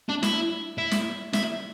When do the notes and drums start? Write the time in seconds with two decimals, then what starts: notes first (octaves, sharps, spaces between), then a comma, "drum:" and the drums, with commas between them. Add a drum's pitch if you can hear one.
0.09 D4
0.23 E4, drum: snare
0.78 E4
0.91 drum: snare
1.33 E4, drum: snare